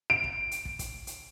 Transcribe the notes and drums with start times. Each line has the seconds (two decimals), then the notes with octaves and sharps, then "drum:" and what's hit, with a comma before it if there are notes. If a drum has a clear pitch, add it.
0.10 D7
0.24 drum: kick
0.51 drum: hi-hat
0.65 drum: kick
0.79 drum: kick, hi-hat
1.07 drum: hi-hat